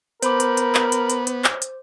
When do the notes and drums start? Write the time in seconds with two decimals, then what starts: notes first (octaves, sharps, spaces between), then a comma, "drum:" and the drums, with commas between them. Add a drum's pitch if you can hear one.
0.23 B3 A#4 C5 B5 D6, drum: hi-hat
0.40 drum: hi-hat
0.57 drum: hi-hat
0.75 drum: clap
0.92 drum: hi-hat
1.10 drum: hi-hat
1.27 drum: hi-hat
1.44 drum: clap
1.62 drum: hi-hat